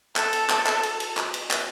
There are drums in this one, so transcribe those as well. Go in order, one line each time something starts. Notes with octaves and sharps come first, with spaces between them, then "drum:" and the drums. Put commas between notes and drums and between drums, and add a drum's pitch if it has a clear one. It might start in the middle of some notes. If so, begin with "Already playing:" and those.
A4, drum: clap
drum: cymbal
drum: clap
drum: clap
drum: cymbal
drum: cymbal
drum: clap
drum: cymbal
drum: clap